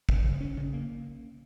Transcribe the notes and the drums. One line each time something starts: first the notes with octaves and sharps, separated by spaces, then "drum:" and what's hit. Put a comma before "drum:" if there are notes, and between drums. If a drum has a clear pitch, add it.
drum: kick
C#3
C#4
C#3
A#3